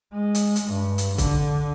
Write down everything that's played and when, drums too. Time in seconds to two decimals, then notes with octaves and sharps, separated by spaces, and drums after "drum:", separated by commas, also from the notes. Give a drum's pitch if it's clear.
0.13 G#3
0.35 drum: hi-hat
0.56 drum: hi-hat
0.71 G2
0.98 drum: hi-hat
1.18 D3, drum: kick, hi-hat